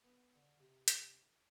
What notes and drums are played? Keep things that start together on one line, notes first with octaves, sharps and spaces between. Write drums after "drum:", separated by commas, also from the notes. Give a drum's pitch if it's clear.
B3
D3
C3
drum: hi-hat